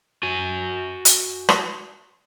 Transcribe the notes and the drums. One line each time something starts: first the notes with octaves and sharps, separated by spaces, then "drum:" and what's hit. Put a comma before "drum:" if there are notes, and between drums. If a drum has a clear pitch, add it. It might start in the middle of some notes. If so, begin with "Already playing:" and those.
F#4 G#5
drum: hi-hat
drum: rim click